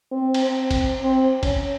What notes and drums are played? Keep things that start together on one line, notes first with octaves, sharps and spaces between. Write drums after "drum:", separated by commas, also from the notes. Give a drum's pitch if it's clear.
C4
drum: cymbal
C4
drum: kick G1, cymbal
C4
C#4, drum: kick G1, cymbal